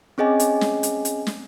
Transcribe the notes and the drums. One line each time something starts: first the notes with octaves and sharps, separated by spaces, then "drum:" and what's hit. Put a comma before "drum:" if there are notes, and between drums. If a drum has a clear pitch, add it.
C4 C#4 G#4 D#5 G#5
drum: hi-hat
drum: snare
drum: hi-hat
drum: hi-hat
drum: snare